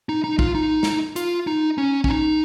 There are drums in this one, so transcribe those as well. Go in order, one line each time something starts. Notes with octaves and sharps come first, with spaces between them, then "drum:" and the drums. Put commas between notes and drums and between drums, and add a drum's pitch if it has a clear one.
D#4
D#4
F4, drum: kick B1
D#4
drum: snare
F4, drum: hi-hat
D#4
C#4
C#4, drum: kick B1
D#4